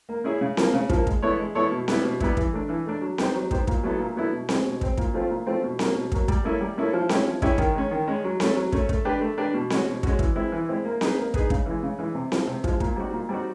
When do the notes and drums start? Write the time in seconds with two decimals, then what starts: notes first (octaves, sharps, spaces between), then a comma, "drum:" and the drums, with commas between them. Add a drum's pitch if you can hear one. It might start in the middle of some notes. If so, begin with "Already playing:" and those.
0.09 A#3
0.24 C#4 E4 G#4
0.41 C#3
0.57 F3 A#3, drum: snare C4
0.74 C#3
0.89 F3 A#3, drum: kick
1.07 G#3, drum: kick
1.22 B3 E4 A4 C#5
1.39 G#3
1.55 B3 E4 A4 C#5
1.71 B2
1.88 G3 B3 E4, drum: snare C4
2.04 B2
2.20 G3 B3 E4, drum: kick
2.37 E3, drum: kick
2.53 A3 D4
2.69 E3
2.86 A3 D4
3.01 F#3
3.18 B3 D#4 G4 C5, drum: snare C4
3.35 F#3
3.51 B3 D#4 G4 C5, drum: kick
3.67 A#2, drum: kick
3.83 F#3 B3 E4 A4
3.99 A#2
4.15 F#3 B3 E4 A4
4.32 B2
4.49 G#3 C4, drum: snare C4
4.65 B2
4.81 G#3 C4, drum: kick
4.97 A#2, drum: kick
5.14 F3 A3 C4 F4
5.30 A#2
5.46 F3 A3 C4 F4
5.63 B2
5.79 F#3 A#3, drum: snare C4
5.95 B2
6.12 F#3 A#3, drum: kick
6.28 G3, drum: kick
6.44 A#3 C#4 E4 A4
6.61 G3
6.77 A#3 C#4 E4 A4
6.93 F3
7.09 G#3 C#4 E4 G4, drum: snare C4
7.26 F3
7.42 G#3 C#4 E4 G4, drum: kick
7.58 D#3, drum: kick
7.75 G#3 C#4
7.91 D#3
8.08 G#3 C#4
8.24 F#3
8.40 A3 C#4, drum: snare C4
8.57 F#3
8.72 A3 C#4, drum: kick
8.89 A3, drum: kick
9.05 D4 G4 B4
9.21 A3
9.38 D4 G4 B4
9.54 B2
9.70 G#3 C#4 F#4, drum: snare C4
9.87 B2
10.03 G#3 C#4 F#4, drum: kick
10.19 E3, drum: kick
10.35 G#3 C4 E4
10.52 E3
10.68 G#3 C4 E4
10.85 A#3
11.01 D#4 G#4 B4, drum: snare C4
11.18 A#3
11.34 D#4 G#4 B4, drum: kick
11.50 C#3, drum: kick
11.66 E3 G#3
11.83 C#3
11.99 E3 G#3
12.15 C3
12.32 F3 G#3, drum: snare C4
12.47 C3
12.64 F3 G#3, drum: kick
12.80 A#2, drum: kick
12.96 G3 C4 D#4 F#4
13.13 A#2
13.29 G3 C4 D#4 F#4